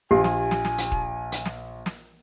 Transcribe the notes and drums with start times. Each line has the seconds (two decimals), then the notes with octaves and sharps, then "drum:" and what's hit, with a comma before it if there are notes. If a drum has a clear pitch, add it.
0.11 A#1 G4 G#5
0.24 drum: snare
0.51 drum: snare
0.65 drum: snare
0.78 drum: hi-hat
0.92 drum: kick D#1
1.32 drum: hi-hat
1.46 drum: snare
1.86 drum: snare